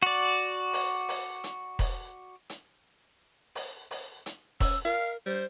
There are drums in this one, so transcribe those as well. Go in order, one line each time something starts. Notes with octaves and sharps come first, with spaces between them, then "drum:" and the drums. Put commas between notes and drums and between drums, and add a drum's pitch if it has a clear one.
F#4 D5
drum: open hi-hat
drum: open hi-hat
drum: hi-hat
drum: kick E1, open hi-hat
drum: hi-hat
drum: open hi-hat
drum: open hi-hat
drum: hi-hat
C#4 E6, drum: kick E1, open hi-hat
A#4 F5
G3 C5